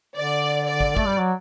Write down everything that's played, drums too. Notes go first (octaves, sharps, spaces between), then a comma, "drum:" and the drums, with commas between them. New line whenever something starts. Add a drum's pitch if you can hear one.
D3 D5
D5
drum: kick
A3, drum: kick
G3
F#3